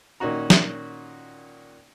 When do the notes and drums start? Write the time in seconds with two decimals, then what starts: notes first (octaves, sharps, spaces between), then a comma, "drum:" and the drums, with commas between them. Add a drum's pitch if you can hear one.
0.20 A#2 D#3 C#4 D#4 F#4 A#5
0.50 drum: snare